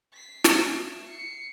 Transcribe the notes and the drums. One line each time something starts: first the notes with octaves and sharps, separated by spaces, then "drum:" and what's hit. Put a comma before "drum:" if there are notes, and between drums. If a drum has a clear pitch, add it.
B6 C7
drum: snare
E5
C7 C#7